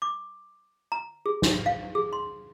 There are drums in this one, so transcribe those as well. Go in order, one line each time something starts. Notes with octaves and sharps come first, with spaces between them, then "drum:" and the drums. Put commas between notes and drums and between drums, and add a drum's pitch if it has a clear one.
D6
A#5
G#4
drum: snare
F5
G#4
C6